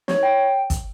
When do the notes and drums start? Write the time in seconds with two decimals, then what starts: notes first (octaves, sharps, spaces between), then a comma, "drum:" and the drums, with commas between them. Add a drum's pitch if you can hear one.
0.08 C#5, drum: snare
0.23 G5
0.70 drum: kick, hi-hat